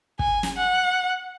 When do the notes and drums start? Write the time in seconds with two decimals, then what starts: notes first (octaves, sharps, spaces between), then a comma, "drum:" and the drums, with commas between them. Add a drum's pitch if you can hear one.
0.19 G#5, drum: kick
0.43 drum: snare
0.57 F#5